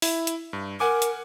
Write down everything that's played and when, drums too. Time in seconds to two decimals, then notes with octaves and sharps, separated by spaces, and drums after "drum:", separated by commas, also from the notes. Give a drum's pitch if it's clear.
0.02 E4, drum: open hi-hat
0.27 drum: hi-hat
0.53 G2
0.80 A#4 F#5 G#5 D6
1.02 drum: hi-hat